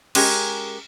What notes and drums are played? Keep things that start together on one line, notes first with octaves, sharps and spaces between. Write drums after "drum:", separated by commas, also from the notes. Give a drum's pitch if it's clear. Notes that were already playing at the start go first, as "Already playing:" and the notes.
G#3 C#4 G4 G#4 A#4, drum: cymbal